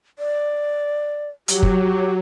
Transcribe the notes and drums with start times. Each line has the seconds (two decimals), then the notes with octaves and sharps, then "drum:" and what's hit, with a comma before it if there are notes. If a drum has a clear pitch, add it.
0.19 D5
1.48 F#3 G4, drum: hi-hat
1.63 drum: kick